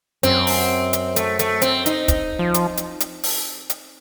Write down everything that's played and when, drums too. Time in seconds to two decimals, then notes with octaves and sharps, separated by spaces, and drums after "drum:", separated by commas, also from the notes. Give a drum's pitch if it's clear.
0.23 F#2 C4, drum: hi-hat
0.47 drum: open hi-hat
0.93 drum: hi-hat
1.16 A3, drum: hi-hat
1.39 A3, drum: hi-hat
1.62 C4, drum: hi-hat
1.86 D#4, drum: hi-hat
2.08 drum: kick, hi-hat
2.39 F3
2.54 drum: hi-hat
2.77 drum: hi-hat
3.00 drum: hi-hat
3.23 drum: open hi-hat
3.70 drum: hi-hat